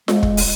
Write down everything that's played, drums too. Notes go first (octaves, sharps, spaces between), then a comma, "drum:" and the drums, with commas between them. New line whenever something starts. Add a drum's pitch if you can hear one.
G#3, drum: snare F4
drum: kick
drum: open hi-hat